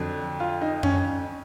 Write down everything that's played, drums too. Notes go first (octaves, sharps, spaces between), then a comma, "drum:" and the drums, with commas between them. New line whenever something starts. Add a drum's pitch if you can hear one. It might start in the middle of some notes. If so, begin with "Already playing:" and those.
Already playing: F2 D3 F#3
F4
D#4
C#4, drum: tom F#2